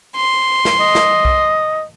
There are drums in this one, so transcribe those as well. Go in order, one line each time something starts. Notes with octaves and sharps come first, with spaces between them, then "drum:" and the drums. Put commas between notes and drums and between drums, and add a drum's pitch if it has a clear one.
C6
drum: snare
D#5
drum: snare
drum: kick B1